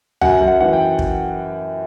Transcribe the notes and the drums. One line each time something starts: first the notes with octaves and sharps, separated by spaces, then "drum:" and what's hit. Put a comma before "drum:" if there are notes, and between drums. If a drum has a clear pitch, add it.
F#2 F#5, drum: tom C2
F#2
F#5
E3 F#5
G5
drum: kick